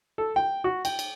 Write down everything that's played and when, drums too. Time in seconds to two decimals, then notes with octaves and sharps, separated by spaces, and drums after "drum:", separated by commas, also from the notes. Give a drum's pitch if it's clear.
0.18 A4
0.36 G5
0.64 F#4
0.85 G5, drum: cymbal
0.99 drum: cymbal